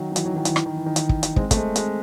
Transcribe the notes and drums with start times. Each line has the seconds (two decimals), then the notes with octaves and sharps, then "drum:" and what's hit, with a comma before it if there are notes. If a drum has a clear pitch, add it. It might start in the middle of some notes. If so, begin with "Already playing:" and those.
Already playing: D#3 F#3
0.12 F#3
0.16 E3, drum: hi-hat
0.26 D#3 F#3
0.36 D#3 F#3
0.45 E3, drum: hi-hat
0.56 E3, drum: rim click
0.66 D#3
0.76 E3
0.86 D#3
0.96 drum: hi-hat
1.09 drum: kick
1.23 drum: hi-hat
1.36 G#3 C4, drum: kick
1.51 A3, drum: kick, hi-hat
1.56 G#3 C4
1.76 G#3 C4, drum: hi-hat